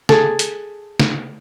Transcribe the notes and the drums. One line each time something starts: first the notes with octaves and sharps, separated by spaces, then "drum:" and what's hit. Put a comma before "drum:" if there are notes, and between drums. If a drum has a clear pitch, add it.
G#4 A4, drum: snare
drum: hi-hat
drum: snare